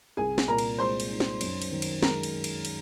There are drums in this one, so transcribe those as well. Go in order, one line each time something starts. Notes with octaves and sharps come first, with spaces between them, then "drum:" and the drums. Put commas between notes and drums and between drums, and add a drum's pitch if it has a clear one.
C2 G#4 G#5
drum: snare
A#2 A#4 A#5
drum: cymbal
G#3 C5 C6
drum: cymbal
D#4
drum: snare
F#2, drum: cymbal
drum: cymbal
D#3
drum: cymbal
G#3 A#4 A#5, drum: snare
drum: cymbal
drum: cymbal
drum: cymbal